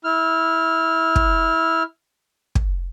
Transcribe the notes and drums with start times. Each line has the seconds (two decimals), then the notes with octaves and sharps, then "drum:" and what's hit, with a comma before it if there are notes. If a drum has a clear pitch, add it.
0.04 E4 F6
1.16 drum: kick
2.55 drum: kick